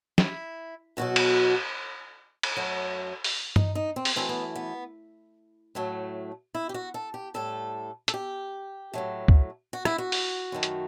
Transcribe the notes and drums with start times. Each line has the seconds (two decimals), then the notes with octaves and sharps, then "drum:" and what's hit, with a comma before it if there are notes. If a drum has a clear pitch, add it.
0.18 E4, drum: snare
0.97 E2 B2 F#3 F#4
1.16 drum: cymbal
2.43 drum: cymbal
2.57 F#2 F#3 A3
3.24 drum: open hi-hat
3.56 D#4, drum: tom G2
3.75 D#4
3.96 C4
4.05 drum: open hi-hat
4.16 F#2 E3 A3 C4
4.29 B3
4.56 B3
5.75 A2 F#3 A3
6.55 E4
6.69 G4
6.74 F#4
6.94 A4
7.14 G4
7.34 A2 G3 A4
8.08 A4, drum: hi-hat
8.14 G4
8.94 A2 F#3 A3
9.28 drum: kick C#2
9.73 F#4
9.85 E4, drum: rim click
9.98 F#4
10.12 drum: open hi-hat
10.52 F#2 D#3 A3
10.63 drum: hi-hat